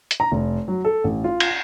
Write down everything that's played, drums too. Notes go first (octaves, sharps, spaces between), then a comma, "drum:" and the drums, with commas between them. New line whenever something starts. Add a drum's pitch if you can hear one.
drum: hi-hat
A#5
F1
F#3
A4
A1
F4
drum: cymbal